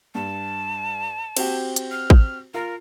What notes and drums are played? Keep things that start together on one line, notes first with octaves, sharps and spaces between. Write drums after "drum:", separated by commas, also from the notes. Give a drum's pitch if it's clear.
G2 A5
C4 F#4 G4, drum: cymbal
drum: hi-hat
F6
drum: kick
F4 A#4